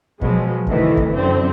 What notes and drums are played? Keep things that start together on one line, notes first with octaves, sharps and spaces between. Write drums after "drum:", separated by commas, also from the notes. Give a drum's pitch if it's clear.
B2 F3 F#3 G#3, drum: kick F#1
D2 A2 C3 D#3 E3 A3, drum: kick F#1
drum: kick F#1
F#2 D3 C4